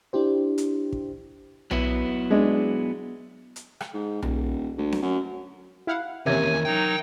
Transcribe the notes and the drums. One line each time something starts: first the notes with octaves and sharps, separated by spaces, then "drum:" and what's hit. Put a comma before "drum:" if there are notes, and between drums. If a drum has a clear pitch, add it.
D4 E4 G4 C5
drum: hi-hat
drum: kick
F#3 B3 E4, drum: tom B1
G#3 D4
drum: hi-hat
drum: rim click
G#2
D#1, drum: tom B1
D2
drum: snare C4
F#2
E4 F5 F#5
D#2 C3 E3 C#4 A#4 E5 G#5 G#6
F#3 D#4 G5